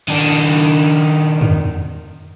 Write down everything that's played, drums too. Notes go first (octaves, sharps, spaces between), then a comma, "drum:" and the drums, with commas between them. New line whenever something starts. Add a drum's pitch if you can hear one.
D#3 D4
drum: cymbal
drum: tom